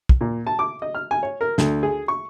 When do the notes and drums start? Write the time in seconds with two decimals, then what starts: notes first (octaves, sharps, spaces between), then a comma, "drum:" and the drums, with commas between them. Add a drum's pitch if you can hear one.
0.09 drum: kick
0.21 A#2
0.47 A5
0.59 D6
0.82 D#5
0.95 F6
1.11 G#5
1.23 C#5
1.41 A#4
1.58 D2, drum: snare
1.83 G#4
2.08 C#6